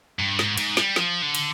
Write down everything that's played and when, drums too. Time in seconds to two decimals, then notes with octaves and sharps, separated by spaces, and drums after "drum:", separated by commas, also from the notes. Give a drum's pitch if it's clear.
0.19 G2
0.39 G#2, drum: snare
0.57 G#2, drum: cymbal
0.77 G3, drum: snare
0.96 F3, drum: snare
1.22 D3
1.35 drum: cymbal